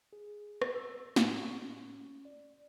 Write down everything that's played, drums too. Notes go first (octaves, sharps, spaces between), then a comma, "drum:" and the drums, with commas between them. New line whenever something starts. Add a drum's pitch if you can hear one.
G#4
drum: rim click
E6
A2, drum: snare
C#6
C#4
D5